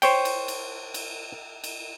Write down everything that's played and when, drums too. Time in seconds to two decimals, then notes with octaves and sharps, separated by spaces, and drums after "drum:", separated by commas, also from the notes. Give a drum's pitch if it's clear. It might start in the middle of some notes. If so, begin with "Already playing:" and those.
0.02 C5 C#5 G5, drum: cymbal
0.25 drum: cymbal
0.48 drum: cymbal
0.94 drum: cymbal
1.64 drum: cymbal